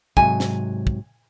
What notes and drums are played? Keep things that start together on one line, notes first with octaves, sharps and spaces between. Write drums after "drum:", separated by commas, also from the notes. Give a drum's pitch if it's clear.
G#2 C3 F#3 G#5, drum: kick
drum: snare
drum: kick